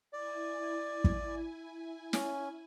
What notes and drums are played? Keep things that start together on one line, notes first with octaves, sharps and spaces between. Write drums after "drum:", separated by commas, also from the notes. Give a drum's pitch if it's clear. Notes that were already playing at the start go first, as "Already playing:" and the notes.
E4 D5 G#5
drum: kick
C#4, drum: snare